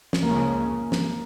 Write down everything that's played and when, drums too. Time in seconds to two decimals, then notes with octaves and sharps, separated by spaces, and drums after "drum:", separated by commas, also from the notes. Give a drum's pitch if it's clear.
0.13 drum: snare
0.22 C#2 C#3 F3 G#3 A#3 C#4
0.92 drum: snare